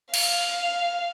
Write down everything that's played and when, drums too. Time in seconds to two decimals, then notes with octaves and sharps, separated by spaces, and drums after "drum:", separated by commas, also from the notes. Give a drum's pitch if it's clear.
0.14 F5, drum: cymbal